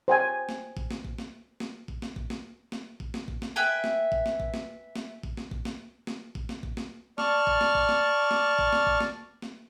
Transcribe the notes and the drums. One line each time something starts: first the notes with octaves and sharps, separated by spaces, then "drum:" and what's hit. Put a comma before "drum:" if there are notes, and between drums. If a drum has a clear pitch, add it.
C5 G5 G#5
drum: snare
drum: kick
drum: snare
drum: kick
drum: snare
drum: snare
drum: kick
drum: snare
drum: kick
drum: snare
drum: snare
drum: kick
drum: snare
drum: kick
drum: snare
B4 E5 G5 G#5
drum: snare
drum: kick
drum: snare
drum: kick
drum: snare
drum: snare
drum: kick
drum: snare
drum: kick
drum: snare
drum: snare
drum: kick
drum: snare
drum: kick
drum: snare
D5 A5 C#6 F6, drum: snare
drum: kick
drum: snare
drum: kick
drum: snare
drum: snare
drum: kick
drum: snare
drum: kick
drum: snare
drum: snare